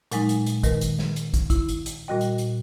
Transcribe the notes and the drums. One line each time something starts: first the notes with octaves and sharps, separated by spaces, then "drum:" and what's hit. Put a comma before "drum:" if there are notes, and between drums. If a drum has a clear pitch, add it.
A#2 F#3 G#3 D#4, drum: hi-hat
drum: hi-hat
drum: hi-hat
D#3 A#4 B4, drum: kick, hi-hat
drum: hi-hat
drum: snare
drum: hi-hat
drum: kick, hi-hat
E4, drum: kick, hi-hat
drum: hi-hat
drum: hi-hat
A#2 G3 F#4 D#5 G5
drum: hi-hat
drum: hi-hat